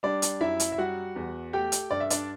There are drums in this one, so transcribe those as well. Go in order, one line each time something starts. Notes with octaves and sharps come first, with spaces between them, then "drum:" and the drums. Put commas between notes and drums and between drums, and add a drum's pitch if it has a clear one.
G3 D4 D5
drum: hi-hat
F#2 E4 E5
drum: hi-hat
E5
G3 F#4 F#5
E2
A3 G4 G5
drum: hi-hat
G2 D5
E5
D4 D5, drum: hi-hat